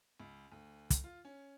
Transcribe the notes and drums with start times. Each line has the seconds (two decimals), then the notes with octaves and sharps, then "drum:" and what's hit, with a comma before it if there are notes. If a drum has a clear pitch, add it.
0.20 C#2
0.52 D2
0.90 drum: kick, hi-hat
1.04 F4
1.25 C#4